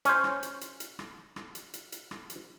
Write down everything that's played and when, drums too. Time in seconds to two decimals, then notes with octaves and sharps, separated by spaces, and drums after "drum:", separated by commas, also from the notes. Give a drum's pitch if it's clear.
0.05 C#4 C5, drum: hi-hat
0.24 drum: rim click
0.43 drum: hi-hat
0.61 drum: hi-hat
0.80 drum: hi-hat
0.99 drum: rim click
1.36 drum: rim click
1.55 drum: hi-hat
1.74 drum: hi-hat
1.92 drum: hi-hat
2.11 drum: rim click
2.30 drum: hi-hat